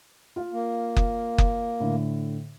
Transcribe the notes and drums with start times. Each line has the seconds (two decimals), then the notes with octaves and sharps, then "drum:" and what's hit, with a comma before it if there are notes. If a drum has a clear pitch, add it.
0.36 F4 F5
0.52 A#3
0.96 drum: kick F#1
1.38 drum: kick F#1
1.80 A2 D3